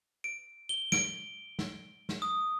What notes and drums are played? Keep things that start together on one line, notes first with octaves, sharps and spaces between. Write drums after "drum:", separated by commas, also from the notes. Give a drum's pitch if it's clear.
D7
G7
D7, drum: snare
drum: snare
drum: snare
D#6